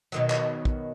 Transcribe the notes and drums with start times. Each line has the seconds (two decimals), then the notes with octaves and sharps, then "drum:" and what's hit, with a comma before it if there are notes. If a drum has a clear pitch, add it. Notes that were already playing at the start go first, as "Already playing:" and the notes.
0.12 B2 D#3 F#3, drum: hi-hat
0.30 drum: clap
0.65 drum: kick